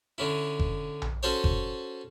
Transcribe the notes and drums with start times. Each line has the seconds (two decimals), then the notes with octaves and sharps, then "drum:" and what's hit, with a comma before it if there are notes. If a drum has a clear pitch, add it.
0.18 D3 C#4 E4
0.59 drum: kick F#1
1.02 drum: tom A#1
1.23 C#4 F#4 A4 C5 C#5
1.44 drum: kick F#1